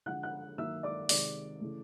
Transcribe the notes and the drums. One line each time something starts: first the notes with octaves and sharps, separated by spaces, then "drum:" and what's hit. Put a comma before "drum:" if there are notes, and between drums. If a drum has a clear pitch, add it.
D3 F3 G#3 F#5 F#6
F#5 F#6
D#3 F#3 A#3 E5 E6
D5 D6
C3 D#3 G#3 D5 D6, drum: open hi-hat
C#3 E3 A3